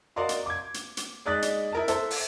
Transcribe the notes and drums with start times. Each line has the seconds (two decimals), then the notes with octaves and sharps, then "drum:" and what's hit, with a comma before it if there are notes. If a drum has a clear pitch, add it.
0.16 F#4 A#4 D5 D#5 F5 C6
0.29 drum: hi-hat
0.46 D6 G#6
0.74 drum: hi-hat
0.97 drum: hi-hat
1.25 G#3 D#4 D5 F#6 A6 B6
1.42 drum: hi-hat
1.72 E4 A#4 A5
1.88 A4 C5 E5, drum: hi-hat
2.11 drum: open hi-hat